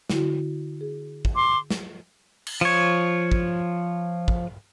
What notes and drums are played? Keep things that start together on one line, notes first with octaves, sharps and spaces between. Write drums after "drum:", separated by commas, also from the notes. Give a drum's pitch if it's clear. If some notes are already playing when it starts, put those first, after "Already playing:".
D3 E4 F#4, drum: snare
G#4
drum: kick
C6 D6
drum: snare
drum: cymbal
F3 C#5
drum: kick
drum: kick